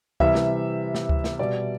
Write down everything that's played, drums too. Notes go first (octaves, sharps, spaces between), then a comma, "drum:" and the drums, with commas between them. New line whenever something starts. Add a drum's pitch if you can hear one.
C3 E3 G3 E5, drum: kick C#2
drum: snare
drum: snare
drum: kick C#2
drum: snare
B2 G3 D5